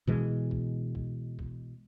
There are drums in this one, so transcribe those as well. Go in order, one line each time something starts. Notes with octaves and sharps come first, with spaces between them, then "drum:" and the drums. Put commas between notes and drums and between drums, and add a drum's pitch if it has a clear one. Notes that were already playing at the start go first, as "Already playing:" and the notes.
B2 E3 G#3, drum: kick
drum: kick
drum: kick
drum: kick